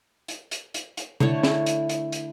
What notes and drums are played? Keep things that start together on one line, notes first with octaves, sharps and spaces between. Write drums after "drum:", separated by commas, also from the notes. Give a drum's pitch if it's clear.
drum: hi-hat
drum: hi-hat
drum: hi-hat
drum: hi-hat
D3 A3 E4 C#5, drum: tom C3
drum: snare
drum: hi-hat
drum: hi-hat
drum: hi-hat